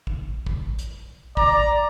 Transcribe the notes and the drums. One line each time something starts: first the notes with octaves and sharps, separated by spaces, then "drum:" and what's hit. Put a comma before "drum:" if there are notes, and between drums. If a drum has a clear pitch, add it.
drum: kick
drum: kick
drum: hi-hat
D5 A#5, drum: kick